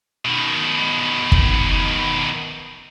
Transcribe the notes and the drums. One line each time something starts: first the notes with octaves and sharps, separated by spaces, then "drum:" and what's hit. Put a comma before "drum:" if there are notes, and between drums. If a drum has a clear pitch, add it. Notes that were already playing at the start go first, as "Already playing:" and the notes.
B2 D#3
drum: kick